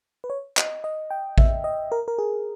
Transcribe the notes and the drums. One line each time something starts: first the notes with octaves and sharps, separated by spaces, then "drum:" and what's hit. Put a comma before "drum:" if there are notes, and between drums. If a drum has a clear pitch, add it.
B4
C#5
D#5, drum: clap
D#5
G5
E5, drum: kick A1
D#5
A#4
A#4
G#4